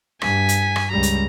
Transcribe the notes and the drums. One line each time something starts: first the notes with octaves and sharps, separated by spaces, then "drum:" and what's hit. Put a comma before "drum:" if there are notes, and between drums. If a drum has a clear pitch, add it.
G2 G#5 B6, drum: rim click
drum: hi-hat
drum: rim click
C#2 G3 A#5
drum: hi-hat